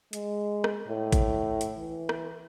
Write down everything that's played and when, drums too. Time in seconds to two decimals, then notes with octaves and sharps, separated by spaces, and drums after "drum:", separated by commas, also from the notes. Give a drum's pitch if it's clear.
0.13 G#3, drum: hi-hat
0.64 drum: rim click
0.88 A2
1.12 drum: kick A1, hi-hat
1.61 drum: hi-hat
1.77 E3
2.09 drum: rim click